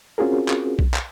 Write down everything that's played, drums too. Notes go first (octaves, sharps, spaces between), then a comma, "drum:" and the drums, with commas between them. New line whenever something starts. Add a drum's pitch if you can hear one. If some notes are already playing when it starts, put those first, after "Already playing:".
C4 C#4 F4 F#4 G#4 A#4
drum: clap
drum: kick B1
drum: clap